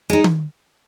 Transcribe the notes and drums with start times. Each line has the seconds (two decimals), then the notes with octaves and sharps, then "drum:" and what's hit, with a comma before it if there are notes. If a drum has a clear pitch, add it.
0.10 G#3 D#4
0.24 drum: tom D#3